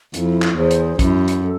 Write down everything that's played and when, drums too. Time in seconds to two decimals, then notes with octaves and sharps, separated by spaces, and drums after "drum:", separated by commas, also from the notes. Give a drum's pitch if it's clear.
0.14 F2 E4, drum: hi-hat
0.42 drum: clap
0.56 E2 G#4 C5
0.71 drum: hi-hat
0.99 F#2 E4, drum: kick, hi-hat
1.28 drum: hi-hat
1.43 A4